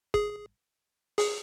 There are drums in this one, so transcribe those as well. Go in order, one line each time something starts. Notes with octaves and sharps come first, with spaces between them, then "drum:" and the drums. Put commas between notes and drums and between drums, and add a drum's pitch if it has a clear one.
G#4, drum: kick
G#4, drum: open hi-hat